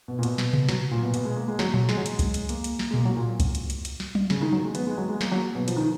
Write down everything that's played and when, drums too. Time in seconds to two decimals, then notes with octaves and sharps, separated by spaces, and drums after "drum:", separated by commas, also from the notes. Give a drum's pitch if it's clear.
0.08 B2
0.19 A#2
0.23 B2, drum: hi-hat
0.38 drum: snare
0.53 drum: tom C3
0.69 F#3, drum: snare
0.91 A#2
1.02 B2
1.14 B2, drum: hi-hat
1.25 G#3
1.36 A#3
1.48 G#3
1.59 F#3, drum: snare
1.74 F#3, drum: tom A#2
1.89 G#3, drum: snare
1.97 F#3
2.06 G#3, drum: hi-hat
2.19 drum: kick C2, hi-hat
2.34 drum: hi-hat
2.49 A#3, drum: hi-hat
2.64 drum: hi-hat
2.79 drum: snare
2.91 G#3
2.94 A#3, drum: tom A#2
3.05 F#3
3.17 A#2
3.40 drum: kick C2, hi-hat
3.55 drum: hi-hat
3.70 drum: hi-hat
3.85 drum: hi-hat
4.00 drum: snare
4.15 drum: tom F#3
4.30 C#3, drum: snare
4.41 D#3
4.53 F#3
4.64 G#3
4.75 B3, drum: hi-hat
4.87 G#3
4.98 F#3
5.09 G#3
5.21 A#3, drum: snare
5.32 F#3
5.55 B2
5.68 F3, drum: hi-hat
5.76 D#3